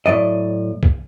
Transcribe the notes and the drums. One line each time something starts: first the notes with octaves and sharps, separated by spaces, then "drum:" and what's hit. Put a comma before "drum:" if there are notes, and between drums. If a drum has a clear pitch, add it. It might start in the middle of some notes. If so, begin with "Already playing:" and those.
A2 F#3 D5 D#5
drum: kick